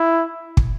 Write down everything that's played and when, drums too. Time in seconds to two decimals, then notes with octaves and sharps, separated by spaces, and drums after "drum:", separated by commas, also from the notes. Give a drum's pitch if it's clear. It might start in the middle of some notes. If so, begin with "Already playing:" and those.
Already playing: E4
0.57 drum: kick